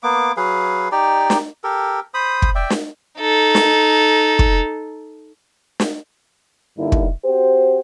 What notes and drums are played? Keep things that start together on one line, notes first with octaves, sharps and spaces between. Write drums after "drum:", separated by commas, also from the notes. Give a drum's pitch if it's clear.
A#3 B3 D6
F#3 G#4 B4 F5
D#4 G4 D5
drum: snare
G4 A4 A#4
C5 B5 D#6
drum: kick
D5 E5 G5
drum: snare
D#4 A4
drum: snare
drum: kick
drum: snare
G2 D3 A#3 D#4 E4
drum: kick
C4 F#4 G4 C5